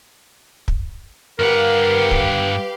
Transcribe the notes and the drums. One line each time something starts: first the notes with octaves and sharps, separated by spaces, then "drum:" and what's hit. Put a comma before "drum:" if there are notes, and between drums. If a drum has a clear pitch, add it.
drum: kick
G2 G4 A#4 B4 F5 F#5
drum: kick